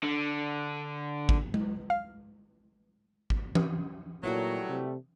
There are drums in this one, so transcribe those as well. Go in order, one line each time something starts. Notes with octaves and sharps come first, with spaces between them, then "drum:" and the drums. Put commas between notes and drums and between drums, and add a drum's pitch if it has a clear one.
D3
drum: kick G#1
drum: tom G#3
F5
drum: kick G#1
drum: tom E3
A#2 F#3 G3 A3 B3 E4 F#4
C3